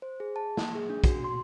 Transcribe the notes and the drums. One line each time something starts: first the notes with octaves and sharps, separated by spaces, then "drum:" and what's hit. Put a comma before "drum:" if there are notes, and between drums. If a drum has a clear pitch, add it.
C5
G#4
A5
A#3, drum: snare
G#4
D4
F#4, drum: kick, hi-hat
C6